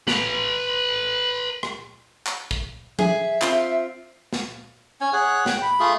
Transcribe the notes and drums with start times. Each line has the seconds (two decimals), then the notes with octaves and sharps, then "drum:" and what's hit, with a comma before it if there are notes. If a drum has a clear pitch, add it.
0.08 B4 A#5, drum: snare
1.63 drum: rim click
2.26 drum: clap
2.51 drum: kick
2.99 G#4 E5, drum: tom F3
3.42 C4 F4, drum: clap
4.33 drum: snare
5.01 C#4 G#5
5.13 G#4 C#5 F#5
5.46 G5, drum: snare
5.62 B5
5.80 A3 F4 G#4